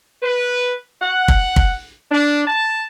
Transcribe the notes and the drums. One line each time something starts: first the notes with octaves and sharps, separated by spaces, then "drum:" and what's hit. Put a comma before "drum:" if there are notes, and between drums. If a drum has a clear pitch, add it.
B4
F#5
drum: kick
drum: kick
D4
A5